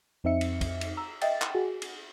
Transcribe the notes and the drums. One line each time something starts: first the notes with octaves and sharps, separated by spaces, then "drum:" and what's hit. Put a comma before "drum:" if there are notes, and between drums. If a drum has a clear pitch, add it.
F2 C4 D#4 E5 C#7
drum: cymbal
drum: kick, cymbal
drum: cymbal
A#5 E6
D#5 E5 G5 A6, drum: cymbal
drum: clap
F#4 G#4
drum: cymbal